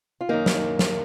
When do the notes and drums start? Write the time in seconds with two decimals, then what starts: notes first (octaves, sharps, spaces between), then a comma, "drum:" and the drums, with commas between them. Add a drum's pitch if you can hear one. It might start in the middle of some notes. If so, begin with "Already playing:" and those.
0.21 F4
0.29 F#2 D#3 A#3 D#4
0.46 drum: snare
0.79 drum: snare